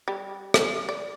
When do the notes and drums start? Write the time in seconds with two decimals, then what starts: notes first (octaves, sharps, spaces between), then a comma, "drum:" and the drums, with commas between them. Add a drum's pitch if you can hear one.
0.08 G3
0.54 drum: rim click
0.89 D5